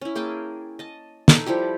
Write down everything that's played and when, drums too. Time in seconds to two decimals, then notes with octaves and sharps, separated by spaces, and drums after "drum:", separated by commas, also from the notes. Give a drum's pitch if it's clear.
0.01 C#4 E4
0.15 A#3 G#4 G5 A5
0.79 D#5 A5
1.28 D#4 A4, drum: snare
1.47 F3 G3 E4 G4